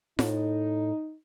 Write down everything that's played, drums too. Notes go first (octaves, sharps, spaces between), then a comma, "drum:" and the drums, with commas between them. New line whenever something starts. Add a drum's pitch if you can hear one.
A2 D#4, drum: snare F4